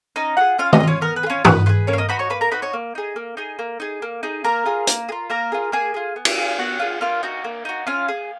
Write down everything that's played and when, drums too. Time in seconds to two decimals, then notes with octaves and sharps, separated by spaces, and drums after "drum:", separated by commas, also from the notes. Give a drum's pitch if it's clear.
0.16 C#4 D#4 D#5
0.37 F4 F#4 G#4 F#5
0.58 C#4 F4 F5
0.73 D#4 D#5, drum: tom D#3
0.80 G#4
0.83 C#4 F4 C#5
1.01 B3 A#4
1.16 B4
1.23 G#4
1.26 C#4 F4 C#5
1.45 B3 B4, drum: tom G2
1.66 F4 G#4 B4
1.87 A#3 C#4 C#5
1.93 F5
1.98 D#4 D#5
2.09 D#4 F#4 B4 B5
2.19 C#5 C#6
2.30 A#3 B4 B5
2.41 A#4 A#5
2.51 D#4 F#4 B4 B5
2.62 C#5 C#6
2.73 A#3
2.95 D#4 G#4
3.16 A#3
3.37 D#4 G#4
3.59 A#3
3.80 D#4 G#4
4.02 A#3
4.23 D#4 G#4
4.44 A#3 A#4 A#5
4.66 F4 G#4
4.87 A#3, drum: hi-hat
5.09 G#4
5.12 F4
5.30 A#3 A#4 A#5
5.52 F4 G#4
5.72 A#3 G#4 G#5
5.94 F4 G#4
6.16 B3
6.25 drum: cymbal
6.37 F4 G#4
6.58 B3 F#4 F#5
6.79 F4 G#4
7.01 A#3 F4 F5
7.23 D#4 F#4
7.44 A#3
7.65 D#4 F#4
7.87 C#4 F4 F5
8.08 G#4